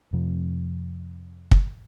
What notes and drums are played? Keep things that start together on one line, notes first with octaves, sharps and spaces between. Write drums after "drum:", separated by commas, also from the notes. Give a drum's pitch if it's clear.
F2 C3 F3
drum: kick